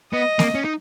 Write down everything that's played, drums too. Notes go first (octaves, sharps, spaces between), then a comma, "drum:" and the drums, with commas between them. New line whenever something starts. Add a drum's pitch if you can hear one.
B3 D#5
A#3, drum: snare A#3
C#4
D#4